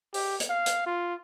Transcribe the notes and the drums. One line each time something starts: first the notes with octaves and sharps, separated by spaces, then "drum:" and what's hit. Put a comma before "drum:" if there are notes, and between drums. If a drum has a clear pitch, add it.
G4, drum: open hi-hat
drum: hi-hat
F5
drum: hi-hat
F4